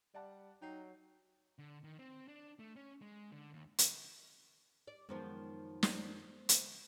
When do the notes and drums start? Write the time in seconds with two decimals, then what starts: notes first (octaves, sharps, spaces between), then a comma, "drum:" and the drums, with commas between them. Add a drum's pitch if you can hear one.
0.14 G3 D5 F#5 A5
0.62 F#3 D#4 G5 C7
1.59 D3
1.84 D#3
1.99 C4
2.28 D4
2.59 A3
2.76 C#4
3.02 G#3
3.32 D3
3.53 D#2
3.78 drum: hi-hat
4.88 D5
5.09 F#2 D#3 F3 G#3 B3 C5
5.83 drum: snare
6.49 drum: hi-hat